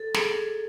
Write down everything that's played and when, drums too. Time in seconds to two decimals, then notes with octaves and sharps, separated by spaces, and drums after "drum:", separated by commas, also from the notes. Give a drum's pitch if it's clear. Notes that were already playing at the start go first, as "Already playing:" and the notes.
Already playing: A4
0.14 G#4, drum: snare